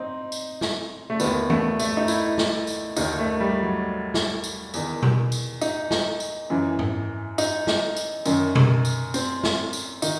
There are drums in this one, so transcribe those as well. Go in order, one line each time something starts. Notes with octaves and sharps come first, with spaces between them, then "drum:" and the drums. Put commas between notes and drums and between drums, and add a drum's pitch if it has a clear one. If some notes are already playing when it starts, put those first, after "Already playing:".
Already playing: C4 D#4
drum: tambourine
drum: snare
A3
D#2 D#3 B3, drum: tambourine
A3, drum: tom E3
A3, drum: tambourine
D#4
E4, drum: tambourine
drum: snare
drum: tambourine
D#2 D#3 D#4, drum: tambourine
A3
G3
F#3
drum: snare
drum: tambourine
E2 D#3, drum: tambourine
drum: tom B2
drum: tambourine
D#4, drum: tambourine
drum: snare
drum: tambourine
F#2 E3
drum: tom G#2
D#4, drum: tambourine
drum: snare
drum: tambourine
F#2 D#3, drum: tambourine
drum: tom B2
drum: tambourine
C4, drum: tambourine
drum: snare
drum: tambourine
D#3 D#4, drum: tambourine